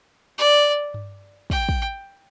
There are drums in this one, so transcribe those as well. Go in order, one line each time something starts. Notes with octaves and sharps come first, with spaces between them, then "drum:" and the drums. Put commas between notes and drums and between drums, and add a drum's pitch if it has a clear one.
D5
drum: tom G2
G5, drum: kick
drum: kick